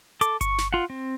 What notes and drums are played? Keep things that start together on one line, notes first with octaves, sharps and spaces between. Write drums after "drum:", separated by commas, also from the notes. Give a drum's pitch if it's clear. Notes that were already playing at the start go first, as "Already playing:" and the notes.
A4 D6, drum: hi-hat
C#6, drum: kick G1, hi-hat
drum: snare
F4 F#5
C4